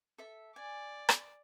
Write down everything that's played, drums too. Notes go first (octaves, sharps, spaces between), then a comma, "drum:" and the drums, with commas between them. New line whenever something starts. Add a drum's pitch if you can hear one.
A4 E5
D5 G#5
drum: rim click